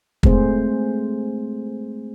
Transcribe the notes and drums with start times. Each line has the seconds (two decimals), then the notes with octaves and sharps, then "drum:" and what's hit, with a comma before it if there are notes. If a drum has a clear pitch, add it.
0.23 G#3 A3 C4 G#4 C5, drum: kick